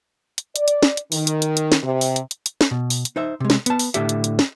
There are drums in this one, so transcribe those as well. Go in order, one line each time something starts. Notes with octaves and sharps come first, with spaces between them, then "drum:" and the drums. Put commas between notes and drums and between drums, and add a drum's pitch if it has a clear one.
drum: hi-hat
D5, drum: hi-hat
drum: hi-hat
drum: snare
drum: hi-hat
D#3, drum: open hi-hat
drum: hi-hat
drum: hi-hat
drum: hi-hat
drum: snare
C3
drum: open hi-hat
drum: hi-hat
drum: hi-hat
drum: hi-hat
drum: snare
B2
drum: open hi-hat
drum: hi-hat
D#4 C5 E5
C3 G#3
drum: snare
B3 A5, drum: hi-hat
drum: open hi-hat
A2 D3 G4 E5, drum: hi-hat
drum: hi-hat
drum: hi-hat
drum: snare